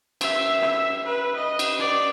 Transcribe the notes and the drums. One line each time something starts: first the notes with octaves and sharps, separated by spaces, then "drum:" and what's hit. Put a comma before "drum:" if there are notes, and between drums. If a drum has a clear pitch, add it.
E5, drum: cymbal
E5
B4
D#5
drum: cymbal
D5